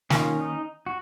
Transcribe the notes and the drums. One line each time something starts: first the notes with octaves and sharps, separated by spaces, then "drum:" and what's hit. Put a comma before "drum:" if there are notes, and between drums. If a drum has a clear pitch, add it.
D#3 A#3 C#4 F4, drum: snare
D#4
F#4